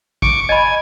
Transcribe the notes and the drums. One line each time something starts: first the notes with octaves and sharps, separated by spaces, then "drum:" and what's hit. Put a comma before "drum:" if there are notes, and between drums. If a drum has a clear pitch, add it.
C#6 D6, drum: kick
D#5 G#5 B5